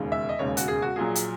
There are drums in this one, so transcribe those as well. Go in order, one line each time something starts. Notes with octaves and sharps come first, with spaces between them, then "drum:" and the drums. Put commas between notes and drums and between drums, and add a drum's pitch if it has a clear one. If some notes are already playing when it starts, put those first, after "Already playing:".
Already playing: E1 D#2 C#3 G#3
E5
D#5
E1 D#2 C#3 G#3 C#5
F#4, drum: hi-hat
G#4
F#4
A#1 A#2 F#3 G#4
drum: hi-hat